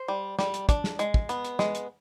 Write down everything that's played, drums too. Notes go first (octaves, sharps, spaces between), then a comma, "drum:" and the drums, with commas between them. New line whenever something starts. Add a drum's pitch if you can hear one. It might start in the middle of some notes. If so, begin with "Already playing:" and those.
Already playing: C5
G3
G3, drum: snare
drum: hi-hat
D4, drum: kick, hi-hat
drum: snare
G#3, drum: hi-hat
drum: kick
B3, drum: hi-hat
drum: hi-hat
G#3, drum: snare
drum: hi-hat